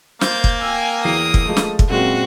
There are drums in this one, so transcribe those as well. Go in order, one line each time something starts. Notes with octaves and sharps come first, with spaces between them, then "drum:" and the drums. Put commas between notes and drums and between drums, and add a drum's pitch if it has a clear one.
A#3 C5 G6 A6, drum: snare
drum: kick
G5 G#5 E6
E2 E3 D#6 C7
drum: kick
F3 G#3 A3
drum: snare
drum: kick
F#2 A#2 G#3 C4 F#4